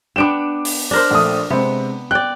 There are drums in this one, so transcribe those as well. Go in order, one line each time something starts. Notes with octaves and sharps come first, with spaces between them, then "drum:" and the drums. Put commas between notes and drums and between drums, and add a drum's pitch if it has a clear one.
B3 D4 G5 D6 D7 E7
drum: open hi-hat
D4 A#4 C5
A#1 A3 D#6
C3 G#3 B3 C4
D5 G5 F#6